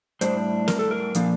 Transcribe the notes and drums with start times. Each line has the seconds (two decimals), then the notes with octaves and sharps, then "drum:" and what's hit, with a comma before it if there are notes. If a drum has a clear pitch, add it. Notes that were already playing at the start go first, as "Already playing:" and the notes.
0.21 A2 G3 D4 C5, drum: hi-hat
0.68 A#4, drum: snare
0.79 A4
0.91 A#4
1.15 A#2 F3 A#3 D4, drum: hi-hat